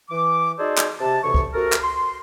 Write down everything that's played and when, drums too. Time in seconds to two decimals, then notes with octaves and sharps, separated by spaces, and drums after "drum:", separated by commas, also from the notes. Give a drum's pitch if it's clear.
0.10 E3 D6
0.59 D#4 F#4 G#4 A4 C5 D5
0.78 drum: clap
0.99 C3 A5
1.23 D2 C3 E3 C#5 C#6
1.34 drum: kick
1.54 C3 F#4 A4 A#4
1.72 drum: clap
1.82 C6